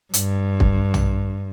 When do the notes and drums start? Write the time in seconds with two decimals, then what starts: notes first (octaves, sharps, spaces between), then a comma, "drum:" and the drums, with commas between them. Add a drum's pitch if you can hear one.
0.14 G2, drum: hi-hat
0.60 drum: kick
0.94 drum: tom